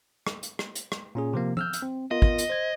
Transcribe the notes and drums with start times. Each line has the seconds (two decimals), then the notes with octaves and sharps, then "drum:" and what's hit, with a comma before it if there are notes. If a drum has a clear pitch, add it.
0.27 drum: rim click
0.43 drum: hi-hat
0.59 drum: rim click
0.75 drum: hi-hat
0.92 drum: rim click
1.15 A#2 C#4 G#4
1.33 C3 F3 A#3
1.57 E6 F6 G6, drum: tom
1.73 drum: hi-hat
1.82 C4
2.11 B3 F4 A#4 D#5
2.22 drum: kick
2.38 drum: hi-hat
2.50 C5 G#6